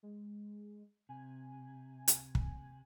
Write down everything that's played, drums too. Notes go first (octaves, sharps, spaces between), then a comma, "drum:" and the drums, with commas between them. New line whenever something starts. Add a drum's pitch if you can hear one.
G#3
C3 G#5
drum: hi-hat
drum: kick